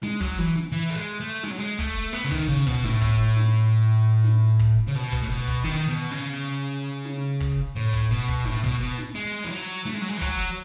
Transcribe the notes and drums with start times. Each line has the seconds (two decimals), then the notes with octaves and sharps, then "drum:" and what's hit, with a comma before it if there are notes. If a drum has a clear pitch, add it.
0.03 G#3, drum: snare
0.21 F#3, drum: kick
0.38 E3
0.55 drum: snare
0.72 E3
0.91 A3
0.96 G#3
1.20 A3
1.43 G#3, drum: snare
1.50 F#3
1.58 G#3
1.79 A3, drum: kick
2.13 B3
2.24 C#3
2.31 D#3, drum: kick
2.48 C#3
2.67 B2, drum: kick
2.84 A2, drum: snare
3.01 drum: kick
3.36 drum: snare
4.24 drum: snare
4.59 drum: kick
4.87 C#3
4.95 B2
5.12 drum: kick
5.23 A2
5.30 B2
5.47 drum: kick
5.64 D#3, drum: snare
5.89 B2
6.11 C#3
7.05 drum: snare
7.40 drum: kick
7.76 A2
7.93 drum: kick
8.11 B2
8.28 drum: kick
8.45 A2, drum: snare
8.64 B2, drum: kick
8.80 B2
8.98 drum: snare
9.15 G#3
9.45 E3
9.50 F#3
9.86 A3, drum: snare
9.94 G#3
10.02 F#3
10.09 G#3
10.17 E3
10.21 F#3, drum: kick